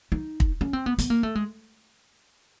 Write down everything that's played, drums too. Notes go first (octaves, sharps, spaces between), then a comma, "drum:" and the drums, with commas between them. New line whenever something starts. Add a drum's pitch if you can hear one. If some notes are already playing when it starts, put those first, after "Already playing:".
D#4
drum: kick
C#4
C4
B3
B3, drum: hi-hat
A#3
A3
G#3